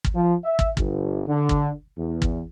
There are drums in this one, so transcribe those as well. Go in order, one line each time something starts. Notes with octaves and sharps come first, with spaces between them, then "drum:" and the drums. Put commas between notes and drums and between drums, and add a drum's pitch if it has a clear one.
drum: kick
F3
E5
drum: kick
G1, drum: kick
D3
drum: kick
E2
drum: kick